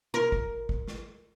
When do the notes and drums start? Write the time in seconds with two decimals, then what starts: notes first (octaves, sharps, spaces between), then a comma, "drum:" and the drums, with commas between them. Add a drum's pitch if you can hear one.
0.14 A#4
0.32 drum: kick
0.69 drum: kick
0.88 drum: snare